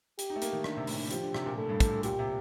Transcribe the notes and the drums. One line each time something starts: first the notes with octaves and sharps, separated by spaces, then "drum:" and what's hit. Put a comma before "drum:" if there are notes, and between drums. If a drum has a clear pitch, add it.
G4, drum: hi-hat
D#4
A3
A#3, drum: hi-hat
D#3
D3, drum: rim click
C3
A2, drum: open hi-hat
D3
F3 G4, drum: hi-hat
D3
C3, drum: rim click
A#2
A2 A4
G2
A2, drum: kick, hi-hat
A2
A#2 G4, drum: hi-hat
C3